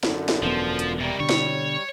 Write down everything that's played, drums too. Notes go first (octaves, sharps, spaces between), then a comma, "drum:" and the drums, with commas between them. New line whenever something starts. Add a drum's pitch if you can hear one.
F#2 D3, drum: snare
drum: snare
E1 F3 B3
drum: hi-hat
C3 G3 A#3
B2 D3 C#5
drum: snare